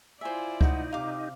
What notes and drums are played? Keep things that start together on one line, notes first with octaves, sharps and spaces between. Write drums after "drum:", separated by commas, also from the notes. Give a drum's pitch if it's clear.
E4 F4 C5 D5 E5 G#5
D#4 F#5, drum: kick C#2
C3 G4 F5 D6